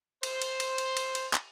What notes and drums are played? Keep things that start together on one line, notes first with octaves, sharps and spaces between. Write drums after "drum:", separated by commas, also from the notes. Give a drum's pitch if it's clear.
C5, drum: cymbal
drum: cymbal
drum: cymbal
drum: cymbal
drum: cymbal
drum: cymbal
drum: clap